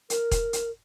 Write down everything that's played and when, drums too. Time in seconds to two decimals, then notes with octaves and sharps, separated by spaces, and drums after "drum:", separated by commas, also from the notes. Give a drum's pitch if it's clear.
0.10 A#4, drum: hi-hat
0.31 drum: kick E1, hi-hat
0.53 drum: hi-hat